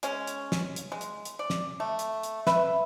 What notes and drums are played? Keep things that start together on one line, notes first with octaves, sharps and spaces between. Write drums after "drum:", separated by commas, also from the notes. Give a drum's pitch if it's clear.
G#3 C#4, drum: hi-hat
drum: hi-hat
drum: snare
drum: hi-hat
G#3
drum: hi-hat
drum: hi-hat
D5
drum: snare
A3
drum: hi-hat
drum: hi-hat
B4 E5, drum: snare